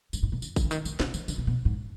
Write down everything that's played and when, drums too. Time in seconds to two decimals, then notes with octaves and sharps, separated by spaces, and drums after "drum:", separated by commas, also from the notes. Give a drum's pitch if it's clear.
0.13 G2, drum: tambourine
0.23 G#2
0.32 B2
0.42 D3, drum: tambourine
0.56 D#3, drum: kick A1, tambourine
0.64 D3
0.71 D#3, drum: tambourine
0.85 D#3, drum: tambourine
1.00 C3, drum: snare
1.14 D#3, drum: tambourine
1.28 D3, drum: tambourine
1.38 C3
1.47 B2
1.65 G#2